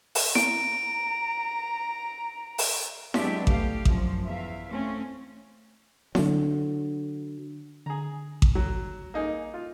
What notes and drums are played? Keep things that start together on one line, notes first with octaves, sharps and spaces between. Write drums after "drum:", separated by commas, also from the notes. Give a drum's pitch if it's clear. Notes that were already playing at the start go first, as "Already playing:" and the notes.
drum: open hi-hat
A#5 D7, drum: snare E4
drum: open hi-hat
F#3 G#3 B3 D4 G4 E5, drum: snare E4
A3 G4 F5, drum: kick A1
F#2 F3, drum: kick A1
E2 E5 F5
A3 C4 C#4
D3 F#3, drum: snare E4
D3 G#4 A#5
drum: kick A1
F#3 A#5
A#3 D#4 G#4
F4